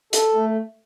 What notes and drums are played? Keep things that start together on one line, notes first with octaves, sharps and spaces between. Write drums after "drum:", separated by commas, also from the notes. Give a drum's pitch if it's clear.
A4, drum: hi-hat
A3